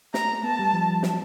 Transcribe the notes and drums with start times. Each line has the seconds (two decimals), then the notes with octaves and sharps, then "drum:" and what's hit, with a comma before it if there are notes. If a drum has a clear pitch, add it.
0.14 A3 A#5, drum: snare
0.30 A3
0.43 B3 A5
0.59 G3
0.73 F3
0.88 F3
1.03 F#3, drum: snare